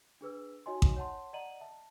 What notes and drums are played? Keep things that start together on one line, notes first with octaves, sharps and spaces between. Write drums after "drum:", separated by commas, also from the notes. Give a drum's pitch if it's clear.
D4 G#4 B4 E6
D#4 F#4 C#5 D#5 G#5 C6
drum: kick A1
C#5 F#5 A5 C6
D5 D#5 F#5 A#5 D#7 F#7
E5 A5